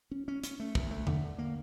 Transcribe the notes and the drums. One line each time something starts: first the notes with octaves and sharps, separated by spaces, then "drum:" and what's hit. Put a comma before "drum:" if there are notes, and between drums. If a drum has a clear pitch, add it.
C#4
C#4
C#4, drum: hi-hat
A3
D2, drum: kick
A3
D3, drum: tom E2
D3
A#3